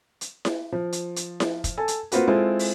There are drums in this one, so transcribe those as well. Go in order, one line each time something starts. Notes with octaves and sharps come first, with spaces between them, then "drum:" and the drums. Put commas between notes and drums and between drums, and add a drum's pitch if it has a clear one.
drum: hi-hat
drum: snare E4
F3
drum: hi-hat
drum: hi-hat
drum: snare E4
drum: kick, hi-hat
A4 G#5 A5
drum: hi-hat
A#3 C4 F4 F#4 B4, drum: hi-hat
G#3 C4 E4 F4 A4
drum: open hi-hat